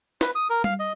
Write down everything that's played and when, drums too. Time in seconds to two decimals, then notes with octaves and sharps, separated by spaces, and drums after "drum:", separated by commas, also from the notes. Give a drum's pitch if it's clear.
0.21 B4, drum: snare
0.35 D#6
0.50 A#4
0.64 F5, drum: tom G3
0.80 D#5